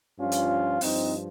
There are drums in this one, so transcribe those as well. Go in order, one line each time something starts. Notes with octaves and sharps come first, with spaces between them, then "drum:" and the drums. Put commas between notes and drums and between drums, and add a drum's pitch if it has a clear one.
G2 F3 C#4 F4
drum: hi-hat
G2 F3 C4 D#4, drum: open hi-hat